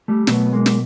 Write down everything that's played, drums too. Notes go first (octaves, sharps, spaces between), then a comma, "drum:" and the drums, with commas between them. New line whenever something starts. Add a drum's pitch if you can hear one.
G3 A3
B2 F#3 A3 B3, drum: snare
G#3 A#3
drum: snare